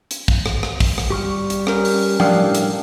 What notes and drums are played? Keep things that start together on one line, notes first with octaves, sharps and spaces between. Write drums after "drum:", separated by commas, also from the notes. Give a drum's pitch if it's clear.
drum: hi-hat
drum: kick
drum: rim click
drum: rim click
drum: kick, open hi-hat
drum: rim click
G3 G4 C#6 F6
drum: hi-hat
C#4 A#4, drum: rim click
drum: open hi-hat
A2 G3 D4 F5 G5 D#6 E6, drum: tom F3
drum: hi-hat